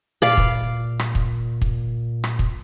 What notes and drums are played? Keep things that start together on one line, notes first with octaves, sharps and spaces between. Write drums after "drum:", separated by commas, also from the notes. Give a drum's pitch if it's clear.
A#2 D5 F5 B5
drum: kick
drum: rim click
drum: kick
drum: kick
drum: rim click
drum: kick